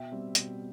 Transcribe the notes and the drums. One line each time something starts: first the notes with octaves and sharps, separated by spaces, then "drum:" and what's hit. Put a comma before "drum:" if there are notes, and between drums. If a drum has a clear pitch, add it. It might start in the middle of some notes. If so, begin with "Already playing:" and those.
Already playing: B2 E5 G5
G3 C4
B2, drum: hi-hat